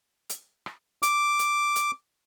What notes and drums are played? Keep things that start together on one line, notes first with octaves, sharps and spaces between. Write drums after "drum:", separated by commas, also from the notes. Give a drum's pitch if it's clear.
drum: hi-hat
drum: rim click
D6, drum: hi-hat
drum: hi-hat
drum: hi-hat